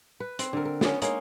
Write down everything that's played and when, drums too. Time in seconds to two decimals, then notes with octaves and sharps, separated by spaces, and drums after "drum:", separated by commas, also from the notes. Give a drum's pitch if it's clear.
0.20 B4
0.39 C4, drum: hi-hat
0.53 D3 A#4
0.65 A#4
0.81 B3 C#4, drum: snare
1.02 G#3 A#3 C#4 D#4, drum: hi-hat